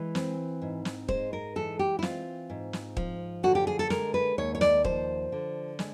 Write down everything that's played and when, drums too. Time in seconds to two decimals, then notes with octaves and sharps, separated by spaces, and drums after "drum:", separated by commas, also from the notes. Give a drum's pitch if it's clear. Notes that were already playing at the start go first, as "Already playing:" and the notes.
Already playing: E3 G#3
0.15 C4, drum: snare
0.62 G#2
0.85 drum: snare
1.08 G#3 C5, drum: kick D#1
1.33 A#4
1.56 E3 A4
1.79 G4
1.99 E4
2.02 C4 F4, drum: snare
2.50 G#2
2.73 drum: snare
2.97 F3, drum: kick D#1
3.43 D3 F#4
3.55 G4
3.67 G#4
3.79 A4
3.90 G#3 A#4, drum: snare
4.14 B4
4.38 D#2 C#5
4.55 C#5
4.61 D5, drum: snare
4.85 F3 C5, drum: kick D#1
5.32 D3
5.79 G#3, drum: snare